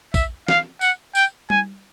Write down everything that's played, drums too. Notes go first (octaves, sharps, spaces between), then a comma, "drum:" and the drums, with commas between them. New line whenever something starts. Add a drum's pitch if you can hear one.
E5, drum: kick, tambourine
F5, drum: snare
F#5, drum: tambourine
G5, drum: tambourine
G#5, drum: tom G3